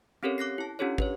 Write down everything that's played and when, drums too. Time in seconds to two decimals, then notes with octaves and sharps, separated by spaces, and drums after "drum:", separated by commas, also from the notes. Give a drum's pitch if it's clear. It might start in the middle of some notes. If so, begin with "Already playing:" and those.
0.23 C4 C#4 G4 A4 A#4 C#5
0.38 D6 F#6 A#6 C7
0.58 E4 A5
0.79 C#4 D4 F4 G4 A4 C#5
0.98 B4 C#5, drum: kick